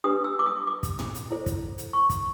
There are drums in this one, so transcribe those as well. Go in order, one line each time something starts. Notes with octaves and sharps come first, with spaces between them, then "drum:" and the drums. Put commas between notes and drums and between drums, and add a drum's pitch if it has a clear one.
D4 G4 B4 D#6
E6
D6
D#6
D6
drum: kick, hi-hat
drum: tom A2
drum: hi-hat
E4 A4 C5
drum: kick, hi-hat
drum: hi-hat
C#6
drum: kick, hi-hat